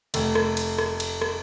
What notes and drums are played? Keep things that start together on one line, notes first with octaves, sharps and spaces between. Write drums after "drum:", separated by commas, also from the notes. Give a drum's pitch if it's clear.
F1, drum: cymbal
drum: rim click
drum: cymbal
drum: rim click
drum: cymbal
drum: rim click